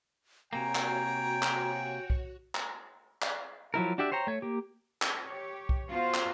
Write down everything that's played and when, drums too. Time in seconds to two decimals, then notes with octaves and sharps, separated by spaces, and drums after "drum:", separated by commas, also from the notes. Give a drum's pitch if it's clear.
0.53 C3 A#3 F#4 C#5 G5 G#5 A#5
0.75 drum: clap
1.42 drum: clap
2.10 drum: kick B1
2.55 drum: clap
3.22 drum: clap
3.74 F3 F#3 E4 A#4
3.98 D4 F#4 G4 D5 E5
4.12 C5 C#5 G5 A#5
4.27 A3 C#5
4.42 A#3 G4
5.02 drum: clap
5.24 G4 C#5
5.69 drum: kick B1
5.88 B3 F4 F#4 C5
6.14 drum: clap